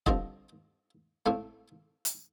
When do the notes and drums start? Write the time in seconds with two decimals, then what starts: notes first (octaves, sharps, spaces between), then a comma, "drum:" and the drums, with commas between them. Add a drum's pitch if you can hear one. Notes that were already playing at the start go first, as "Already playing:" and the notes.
0.06 G2 D3 F3 C4 D#5, drum: kick E1
1.26 A2 A3 C4 F5
2.05 drum: hi-hat